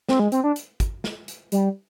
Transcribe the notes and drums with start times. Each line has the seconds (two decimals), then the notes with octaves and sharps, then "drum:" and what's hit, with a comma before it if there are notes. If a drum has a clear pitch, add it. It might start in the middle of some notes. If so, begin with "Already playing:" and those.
0.09 C4, drum: snare
0.19 G#3
0.32 C4, drum: hi-hat
0.44 D4
0.56 drum: hi-hat
0.80 drum: kick, hi-hat
1.04 drum: snare
1.28 drum: hi-hat
1.52 G3, drum: hi-hat